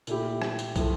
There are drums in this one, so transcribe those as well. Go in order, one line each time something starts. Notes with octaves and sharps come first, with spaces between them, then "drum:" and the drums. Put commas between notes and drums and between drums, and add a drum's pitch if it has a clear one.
A#2 A3 E4 G4, drum: tambourine
drum: rim click
drum: tambourine
A2 F3 A3, drum: kick, tambourine